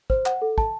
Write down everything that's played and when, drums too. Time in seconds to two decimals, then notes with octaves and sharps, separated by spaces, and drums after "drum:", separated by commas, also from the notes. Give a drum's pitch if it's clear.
0.10 C5, drum: kick
0.26 F#5, drum: clap
0.42 A4
0.58 A5, drum: kick